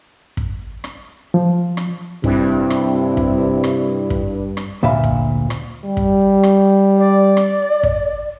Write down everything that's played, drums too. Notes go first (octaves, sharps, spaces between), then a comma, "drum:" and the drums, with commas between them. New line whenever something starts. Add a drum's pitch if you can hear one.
drum: kick
drum: rim click
F3
drum: rim click
G2 C3 E4, drum: kick
drum: rim click
drum: kick
drum: rim click
drum: kick
drum: rim click
D2 A#2 E5 F5 B5
drum: kick
drum: rim click
G3
drum: kick
drum: rim click
D5
drum: rim click
drum: kick